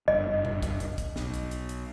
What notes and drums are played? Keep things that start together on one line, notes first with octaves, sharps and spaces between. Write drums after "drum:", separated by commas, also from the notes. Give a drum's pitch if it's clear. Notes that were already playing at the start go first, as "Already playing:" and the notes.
F#1 G2 D#5
drum: tom A2
drum: kick, hi-hat
drum: hi-hat
drum: kick, hi-hat
B1, drum: snare
drum: hi-hat
drum: hi-hat
drum: hi-hat